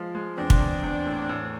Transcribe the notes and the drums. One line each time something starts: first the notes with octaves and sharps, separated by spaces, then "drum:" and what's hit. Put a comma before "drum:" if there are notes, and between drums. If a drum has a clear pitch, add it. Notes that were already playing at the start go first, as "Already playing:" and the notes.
Already playing: F3 G#3
G#3
E2 C4 D4
drum: kick
E2
E2
A2
A2